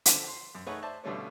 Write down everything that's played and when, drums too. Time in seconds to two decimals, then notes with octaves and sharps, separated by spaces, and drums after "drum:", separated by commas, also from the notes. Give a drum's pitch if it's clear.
0.06 D3 F3, drum: hi-hat
0.28 C6
0.55 F#2
0.66 A3 D#4 G#4 B4 C#5 F#5
0.82 C5 D5 E5 A5
1.04 G2 B2 D3 G3 A3 C#4